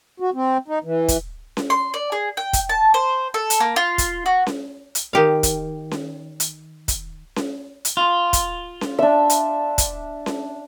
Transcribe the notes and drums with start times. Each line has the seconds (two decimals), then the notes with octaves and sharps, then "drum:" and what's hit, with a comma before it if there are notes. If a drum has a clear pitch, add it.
0.20 F#4
0.34 C4
0.68 D#4
0.84 E3
1.08 drum: kick, hi-hat
1.57 drum: snare C#4
1.70 C6
1.94 D5
2.12 G#4
2.37 G5
2.53 drum: kick, hi-hat
2.69 A5
2.94 C5
3.34 A4
3.50 drum: hi-hat
3.60 A#3
3.76 F4
3.98 drum: kick, hi-hat
4.26 F#4
4.47 drum: snare C#4
4.95 drum: hi-hat
5.13 D#3 G4 F5
5.43 drum: kick, hi-hat
5.91 drum: snare C#4
6.40 drum: hi-hat
6.88 drum: kick, hi-hat
7.36 drum: snare C#4
7.85 drum: hi-hat
7.97 F4
8.33 drum: kick, hi-hat
8.81 drum: snare C#4
8.99 D4 E5
9.30 drum: hi-hat
9.78 drum: kick, hi-hat
10.26 drum: snare C#4